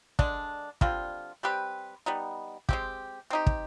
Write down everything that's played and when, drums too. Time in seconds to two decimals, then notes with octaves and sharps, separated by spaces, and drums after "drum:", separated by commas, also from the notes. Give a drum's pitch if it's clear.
0.19 D3 G#3 D4, drum: kick
0.81 D3 G3 C4 F4, drum: kick
1.43 G3 C4 G4 B4
2.06 G3 B3 D#4
2.69 G#3 C4 G4, drum: kick
3.30 C4 D#4 G4
3.46 drum: kick